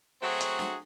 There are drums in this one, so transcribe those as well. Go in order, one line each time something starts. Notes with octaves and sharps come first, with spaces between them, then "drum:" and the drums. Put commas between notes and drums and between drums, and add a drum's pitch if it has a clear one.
F#3 A3 C4 F#4 G#4
drum: hi-hat
drum: snare